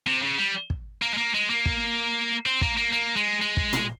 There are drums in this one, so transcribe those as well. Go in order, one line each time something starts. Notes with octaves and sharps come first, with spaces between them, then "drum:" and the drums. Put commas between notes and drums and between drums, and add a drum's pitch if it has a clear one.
C3
C#3
G3
drum: kick
A#3
G#3
A#3
G#3
A#3
drum: kick
C4
A#3, drum: kick
A#3
A#3
G#3
G#3
drum: kick
drum: tom